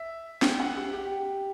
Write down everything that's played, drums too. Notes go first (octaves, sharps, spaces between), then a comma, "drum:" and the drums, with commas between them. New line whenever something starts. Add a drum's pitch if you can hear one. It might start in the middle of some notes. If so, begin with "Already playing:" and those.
Already playing: E5
G5, drum: snare
F#5
G4
G4
G4